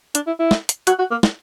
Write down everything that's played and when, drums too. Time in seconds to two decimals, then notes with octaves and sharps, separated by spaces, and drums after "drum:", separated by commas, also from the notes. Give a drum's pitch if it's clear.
0.15 D4, drum: hi-hat
0.27 E4
0.39 E4
0.51 drum: snare
0.69 drum: hi-hat
0.87 F#4, drum: hi-hat
0.98 F#4
1.11 A#3
1.23 drum: snare